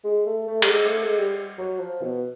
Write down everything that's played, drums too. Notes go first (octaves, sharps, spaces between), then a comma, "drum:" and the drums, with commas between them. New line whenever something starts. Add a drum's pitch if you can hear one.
G#3
A3
A3
G3, drum: cymbal
G#3
A3
G#3
G3
F#3
F3
B2